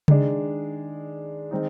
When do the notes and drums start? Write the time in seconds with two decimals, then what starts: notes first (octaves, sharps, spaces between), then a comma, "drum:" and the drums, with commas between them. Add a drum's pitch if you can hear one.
0.08 D#3 G#3 D4, drum: tom C#3
1.51 D#3 G#3 C4 D#4